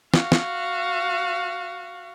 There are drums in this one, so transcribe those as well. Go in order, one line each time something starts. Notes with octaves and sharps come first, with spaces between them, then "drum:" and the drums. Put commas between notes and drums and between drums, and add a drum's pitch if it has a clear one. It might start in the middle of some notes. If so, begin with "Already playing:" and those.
F#4 F5, drum: snare
drum: snare